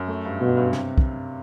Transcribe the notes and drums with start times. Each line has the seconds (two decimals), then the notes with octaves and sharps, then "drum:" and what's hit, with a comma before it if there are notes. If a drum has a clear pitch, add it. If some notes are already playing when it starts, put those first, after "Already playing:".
Already playing: F#2
0.08 A3
0.25 G2
0.40 G2 B2
0.57 G2
0.73 C3, drum: snare
0.98 drum: kick